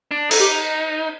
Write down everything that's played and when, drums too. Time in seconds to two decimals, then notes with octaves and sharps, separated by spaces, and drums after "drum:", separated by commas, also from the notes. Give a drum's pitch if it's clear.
0.11 D4
0.31 D#4 A4, drum: cymbal
0.40 G4